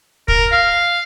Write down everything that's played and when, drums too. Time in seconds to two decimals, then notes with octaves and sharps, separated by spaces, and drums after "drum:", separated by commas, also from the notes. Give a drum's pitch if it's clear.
0.28 A#4, drum: kick
0.52 F5